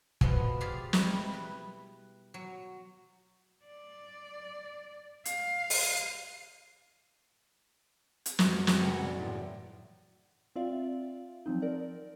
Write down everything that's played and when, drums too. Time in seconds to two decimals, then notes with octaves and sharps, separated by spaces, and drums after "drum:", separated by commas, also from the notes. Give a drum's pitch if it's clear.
0.21 B2 F3 B3 D#5, drum: kick
0.61 F4 G4 G#4 D5 F5
0.93 G3 E4 D#5 B5, drum: snare
1.33 B4
2.34 F#3
3.65 D5
5.25 F5, drum: hi-hat
5.70 drum: open hi-hat
8.26 drum: hi-hat
8.39 F#2, drum: snare
8.67 G#5 D#7, drum: snare
8.80 C#2 F#3 B3 A#6 C#7
9.01 B1 D5
9.19 A1
10.56 C4 F4 D5 E5 F5
11.46 F3 F#3 C4 D#4
11.62 A#4 D5